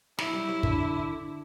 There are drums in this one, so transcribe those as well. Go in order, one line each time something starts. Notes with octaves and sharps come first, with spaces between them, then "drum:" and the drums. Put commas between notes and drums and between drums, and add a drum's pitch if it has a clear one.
F#3 E4, drum: snare
G3
F#3
D3, drum: kick